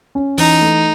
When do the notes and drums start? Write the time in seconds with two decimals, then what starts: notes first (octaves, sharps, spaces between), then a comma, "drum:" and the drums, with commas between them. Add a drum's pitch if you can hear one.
0.15 C#4
0.38 E3 D#4, drum: open hi-hat
0.61 A3